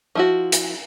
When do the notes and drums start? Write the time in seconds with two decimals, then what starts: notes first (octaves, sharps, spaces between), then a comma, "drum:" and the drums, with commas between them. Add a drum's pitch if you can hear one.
0.15 F3 E4 F#4
0.52 drum: hi-hat